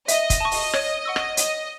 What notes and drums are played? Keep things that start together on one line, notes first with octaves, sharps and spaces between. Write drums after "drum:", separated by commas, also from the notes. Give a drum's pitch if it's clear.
D#5 E5, drum: hi-hat
drum: kick, hi-hat
A5 C#6
drum: open hi-hat
C#5, drum: rim click
F#5 C#6 E6
drum: rim click
C#5 D#5, drum: hi-hat